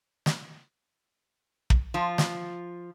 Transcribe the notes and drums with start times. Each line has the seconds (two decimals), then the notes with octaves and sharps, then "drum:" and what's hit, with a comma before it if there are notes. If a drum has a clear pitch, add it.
0.26 drum: snare
1.70 drum: kick
1.94 F3 F4
2.18 drum: snare